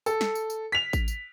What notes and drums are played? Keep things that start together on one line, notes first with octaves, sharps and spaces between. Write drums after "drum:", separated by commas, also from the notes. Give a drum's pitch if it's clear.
A4, drum: tambourine
drum: snare
drum: tambourine
drum: tambourine
B6 F7
drum: kick A1, tambourine
drum: tambourine